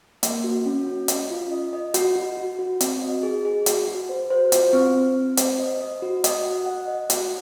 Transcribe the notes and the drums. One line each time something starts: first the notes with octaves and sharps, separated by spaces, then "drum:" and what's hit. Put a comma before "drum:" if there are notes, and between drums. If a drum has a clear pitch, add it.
A#3, drum: hi-hat
F#4
C#4
C#4
D#5, drum: hi-hat
F4
D#5
D#5
F#4, drum: hi-hat
F#4
F#4
F#4
C4, drum: hi-hat
D#5
G#4
G#4
F#4, drum: hi-hat
F#4
C5
C5
F4, drum: hi-hat
C4
C4
C4
C5, drum: hi-hat
D#5
D#5
F#4
D#5, drum: hi-hat
F#5
F#5
D#5
F#4, drum: hi-hat